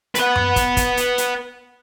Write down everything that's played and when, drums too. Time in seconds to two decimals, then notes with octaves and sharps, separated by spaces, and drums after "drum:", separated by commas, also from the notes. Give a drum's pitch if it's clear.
0.15 B4 F#5, drum: hi-hat
0.36 drum: tom F#2
0.56 drum: kick, hi-hat
0.77 drum: kick, hi-hat
0.97 drum: hi-hat
1.18 drum: hi-hat